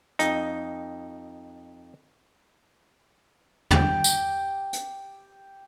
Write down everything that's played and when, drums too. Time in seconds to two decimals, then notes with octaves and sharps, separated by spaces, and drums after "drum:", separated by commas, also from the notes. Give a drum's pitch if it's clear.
0.19 F2 D#4, drum: hi-hat
3.71 G4 G5, drum: tom
4.04 drum: tambourine
4.73 drum: hi-hat